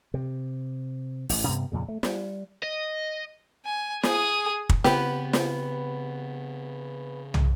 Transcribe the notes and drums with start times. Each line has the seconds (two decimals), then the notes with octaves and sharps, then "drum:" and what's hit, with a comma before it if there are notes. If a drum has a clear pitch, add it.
0.14 C3
1.29 A1 A2, drum: open hi-hat
1.47 G2 C3 B3
1.72 F2 A#2 C#3
1.88 A3
2.03 G3, drum: snare
2.63 D#5
3.66 G#5
4.03 G#4 D#6, drum: snare
4.69 drum: kick
4.84 C#3 B3 C4 G4 B4, drum: snare
5.33 drum: snare
7.34 drum: tom